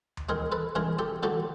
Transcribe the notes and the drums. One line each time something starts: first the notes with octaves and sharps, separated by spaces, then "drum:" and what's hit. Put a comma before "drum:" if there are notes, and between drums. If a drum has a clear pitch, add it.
drum: tom D2
D#3 G#3 G#4 A#4
A4 B4
C#3 E3 G#3 G#4 A#4
G4 A4
D3 F#3 A3 G4 A4